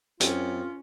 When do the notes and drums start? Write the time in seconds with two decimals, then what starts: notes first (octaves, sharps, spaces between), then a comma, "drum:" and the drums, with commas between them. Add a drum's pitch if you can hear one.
0.21 F#2 C4 C#4 F4, drum: hi-hat